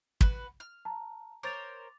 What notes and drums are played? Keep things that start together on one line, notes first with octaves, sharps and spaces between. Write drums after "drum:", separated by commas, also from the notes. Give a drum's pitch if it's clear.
F#4 B4, drum: kick
F6
A5 A#5
A#4 C5 C#5 D6 A6 F7